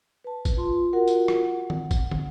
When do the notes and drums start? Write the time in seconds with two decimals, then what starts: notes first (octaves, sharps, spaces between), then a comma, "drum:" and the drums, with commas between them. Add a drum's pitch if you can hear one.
0.24 B4 A5
0.45 drum: kick G1, tambourine
0.57 F4 C6
0.93 F4 F#4 A#4 F#5
1.08 drum: tambourine
1.28 drum: rim click
1.40 F#5
1.70 drum: tom D#3
1.91 drum: kick G1, tambourine
2.11 drum: tom